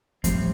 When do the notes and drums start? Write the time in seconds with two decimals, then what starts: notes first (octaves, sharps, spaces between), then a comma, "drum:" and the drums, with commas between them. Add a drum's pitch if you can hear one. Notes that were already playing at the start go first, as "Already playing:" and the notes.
0.24 A2 F3 G3 A3 C4, drum: kick F2, hi-hat